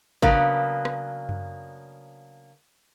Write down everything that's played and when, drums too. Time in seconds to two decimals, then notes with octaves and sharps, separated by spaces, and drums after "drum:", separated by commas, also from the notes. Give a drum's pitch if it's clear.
0.22 C#3 F#3 A#3 B3 D4, drum: kick
0.85 drum: rim click
1.29 drum: tom F#2